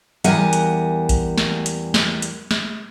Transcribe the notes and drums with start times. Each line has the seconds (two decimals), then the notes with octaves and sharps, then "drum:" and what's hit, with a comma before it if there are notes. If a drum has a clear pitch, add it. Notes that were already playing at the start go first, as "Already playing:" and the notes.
0.24 E2 G3 A#4 F#5 G#5, drum: hi-hat
0.53 drum: hi-hat
1.09 drum: kick A#1, hi-hat
1.38 drum: snare
1.66 drum: hi-hat
1.94 drum: snare
2.22 drum: hi-hat
2.51 drum: snare